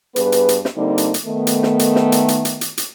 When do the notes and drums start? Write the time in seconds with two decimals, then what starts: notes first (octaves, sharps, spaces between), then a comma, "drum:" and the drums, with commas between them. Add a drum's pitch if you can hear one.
0.16 G2 B3 G#4 B4, drum: hi-hat
0.32 drum: hi-hat
0.49 drum: hi-hat
0.65 drum: snare
0.77 D3 G3 A#3 C4 D4 D#4
0.98 drum: hi-hat
1.14 drum: hi-hat
1.26 D#3 A3 B3
1.47 drum: hi-hat
1.63 drum: snare
1.79 drum: hi-hat
1.96 drum: snare
2.12 drum: hi-hat
2.28 drum: hi-hat
2.45 drum: hi-hat
2.61 drum: hi-hat
2.78 drum: hi-hat